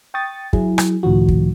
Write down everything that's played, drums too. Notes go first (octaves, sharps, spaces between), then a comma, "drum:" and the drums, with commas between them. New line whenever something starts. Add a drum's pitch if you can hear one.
G5 C#6 D#6 A6
F#3 E4 G#4, drum: kick
drum: rim click
C#2 A2 D#3 F3 F#4
drum: kick